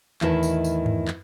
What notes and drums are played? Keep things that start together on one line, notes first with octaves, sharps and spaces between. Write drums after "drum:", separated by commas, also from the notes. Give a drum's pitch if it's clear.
E2 A2 D#3 E4 D#5 A5, drum: clap
drum: tambourine
drum: tambourine
drum: tom G2
drum: clap